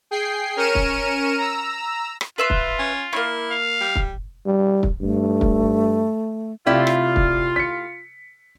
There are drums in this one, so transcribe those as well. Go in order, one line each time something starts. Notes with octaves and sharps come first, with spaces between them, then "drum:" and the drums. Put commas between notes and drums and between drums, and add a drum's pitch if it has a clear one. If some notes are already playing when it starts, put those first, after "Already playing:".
G#4 G5 C7
C#4 A#4 F6 C#7 D#7 E7
drum: kick
A#5 E6
drum: rim click
F4 B4 E5 C6
drum: kick
C#4
A#3 C#4 E4
F5
G3
drum: kick
G3
drum: kick
G2 A3
drum: kick
C3 A3 E4 F4 G4 D5
drum: rim click
drum: kick
B6 C#7